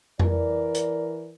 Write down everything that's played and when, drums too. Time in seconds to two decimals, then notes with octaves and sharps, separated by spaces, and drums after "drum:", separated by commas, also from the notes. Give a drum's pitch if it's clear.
0.19 E3 A#4 D5, drum: tom F2
0.75 drum: hi-hat